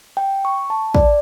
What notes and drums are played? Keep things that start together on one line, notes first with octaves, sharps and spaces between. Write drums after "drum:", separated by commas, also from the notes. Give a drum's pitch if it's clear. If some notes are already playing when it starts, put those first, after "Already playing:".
G5
C#6
A5
D5, drum: kick